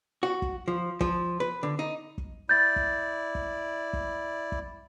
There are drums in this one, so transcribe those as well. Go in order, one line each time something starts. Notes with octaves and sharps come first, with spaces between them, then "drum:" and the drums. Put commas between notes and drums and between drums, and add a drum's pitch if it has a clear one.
F#4
drum: kick
F3
F3, drum: kick
B4
D3
D#4
drum: kick
E4 D5 G6 A6
drum: kick
drum: kick
drum: kick
drum: kick